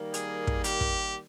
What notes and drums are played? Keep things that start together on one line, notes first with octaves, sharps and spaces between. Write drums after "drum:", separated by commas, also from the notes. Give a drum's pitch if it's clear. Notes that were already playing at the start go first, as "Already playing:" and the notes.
Already playing: D#3 G3 A#3
G#4, drum: hi-hat
drum: kick
G4, drum: hi-hat
drum: kick